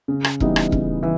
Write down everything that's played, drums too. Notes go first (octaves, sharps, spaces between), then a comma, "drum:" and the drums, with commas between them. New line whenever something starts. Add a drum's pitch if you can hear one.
C#3
drum: rim click
E3 G3 B3 D#4, drum: kick E1
drum: rim click
C#3, drum: kick E1
E3